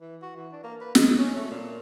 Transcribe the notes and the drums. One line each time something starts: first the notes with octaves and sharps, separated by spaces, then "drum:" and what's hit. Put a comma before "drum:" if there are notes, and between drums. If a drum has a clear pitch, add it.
E3
F#4
E3
D4
A#3
B4
D#5, drum: snare
C#4
A3
A#2